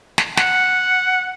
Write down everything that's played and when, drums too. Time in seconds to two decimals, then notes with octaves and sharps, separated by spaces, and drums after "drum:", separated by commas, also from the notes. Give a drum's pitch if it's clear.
0.18 drum: snare
0.37 F#5, drum: snare